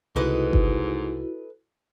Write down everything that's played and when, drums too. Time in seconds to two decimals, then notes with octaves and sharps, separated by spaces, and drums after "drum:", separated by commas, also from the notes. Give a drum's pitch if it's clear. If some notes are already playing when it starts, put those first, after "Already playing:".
0.16 C2 G#2 C#3 E4 F#4 A4 B4 D#5
0.53 drum: kick G1